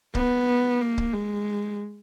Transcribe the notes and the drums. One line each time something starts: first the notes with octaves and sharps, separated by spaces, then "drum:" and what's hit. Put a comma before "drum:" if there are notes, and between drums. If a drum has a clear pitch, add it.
B3, drum: kick C#1
A#3
drum: kick C#1
G#3